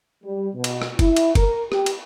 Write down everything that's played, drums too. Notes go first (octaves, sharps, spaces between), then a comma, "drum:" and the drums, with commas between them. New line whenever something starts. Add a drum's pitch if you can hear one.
G3
B2
drum: cymbal
drum: rim click
E4, drum: kick F#1, cymbal
drum: cymbal
A#4, drum: kick F#1, cymbal
G4, drum: rim click
drum: cymbal